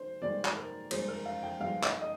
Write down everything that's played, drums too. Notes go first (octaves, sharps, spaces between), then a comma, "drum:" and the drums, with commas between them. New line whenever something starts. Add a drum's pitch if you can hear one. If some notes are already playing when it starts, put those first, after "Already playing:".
Already playing: D#3 C5
G2 D#3 G#3 D5
drum: clap
A#4
G2 D#3 G#3 C5, drum: cymbal
A#4
F5
G5
G2 D#3 G#3 F5
drum: clap
D#5